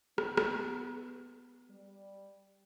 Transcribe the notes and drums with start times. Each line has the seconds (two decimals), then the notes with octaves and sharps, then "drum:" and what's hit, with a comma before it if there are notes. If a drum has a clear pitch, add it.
0.18 B3, drum: rim click
0.37 drum: rim click
1.70 G3